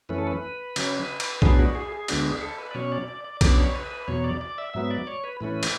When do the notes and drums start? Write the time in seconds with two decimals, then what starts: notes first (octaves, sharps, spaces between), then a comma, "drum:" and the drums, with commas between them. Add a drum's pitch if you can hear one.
0.09 F#2 E3 A3 C#4 B4
0.18 A4
0.27 B4
0.76 C#3 F#3 C#4, drum: cymbal
1.20 drum: cymbal
1.42 A2 F#3 B3 D4 G#4, drum: kick B1
1.59 F#4
1.75 G#4
1.92 G#4
2.08 D2 D3 G#3 B3 D4 F#4, drum: cymbal
2.26 G#4
2.36 G#4
2.42 A4
2.58 B4
2.71 D5
2.75 B2 F#3 C#4 C#5
2.92 D5
3.08 D5
3.24 D5
3.41 C#3 F#3 B3 D4 D5, drum: kick B1, cymbal
3.58 C#5
3.75 B4
3.91 B4
4.08 E2 B2 F#3 C#5
4.24 D5
4.41 D5
4.58 E5
4.74 G#2 F#3 B3 E5
4.91 D5
5.07 C#5
5.24 B4
5.40 A2 E3 A3 C#4 B4
5.63 drum: cymbal